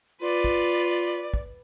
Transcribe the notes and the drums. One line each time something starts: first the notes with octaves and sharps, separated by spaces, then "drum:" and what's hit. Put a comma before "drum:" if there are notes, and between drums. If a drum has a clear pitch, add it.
F4 B4 D5
drum: kick
drum: kick